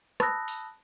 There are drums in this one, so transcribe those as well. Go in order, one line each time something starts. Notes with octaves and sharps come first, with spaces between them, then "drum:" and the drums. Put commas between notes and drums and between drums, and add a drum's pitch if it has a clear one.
A5 B5 D#6 E6 F#6 A#6, drum: rim click
drum: open hi-hat